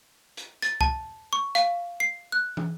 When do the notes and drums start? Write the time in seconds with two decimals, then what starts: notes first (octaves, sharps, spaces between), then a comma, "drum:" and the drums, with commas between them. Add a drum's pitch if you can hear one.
0.37 drum: hi-hat
0.62 A6, drum: hi-hat
0.81 A5, drum: kick C2
1.33 C#6
1.55 F5, drum: hi-hat
2.00 C7
2.32 F#6
2.57 drum: tom